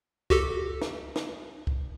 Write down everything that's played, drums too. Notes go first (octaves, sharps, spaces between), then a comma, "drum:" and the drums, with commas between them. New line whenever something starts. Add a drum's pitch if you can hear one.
F#4 G4 A4, drum: kick C2
drum: snare
drum: snare
drum: kick C2